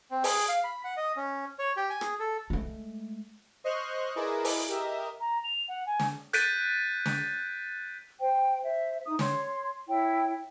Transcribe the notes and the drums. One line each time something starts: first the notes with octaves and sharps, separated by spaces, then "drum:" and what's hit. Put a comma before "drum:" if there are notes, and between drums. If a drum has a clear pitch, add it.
C4
G#4, drum: open hi-hat
F5
B5
F#5
D#5
C#4
C#5
G4
G#5
G#4, drum: rim click
A4
G#3 A3
C5 D#5 C6 C#6 F6 F#6
E4 G#4 A#4 B4 D5 D#5
drum: open hi-hat
G4 A#4 D#5 E5
A#5
F7
F#5
G#5
drum: snare
F#6 G6 A6 B6 D7 D#7, drum: hi-hat
drum: snare
C5 G5
C5 E5
D#4 D#6
C#5 C6, drum: snare
E4 C#5 G5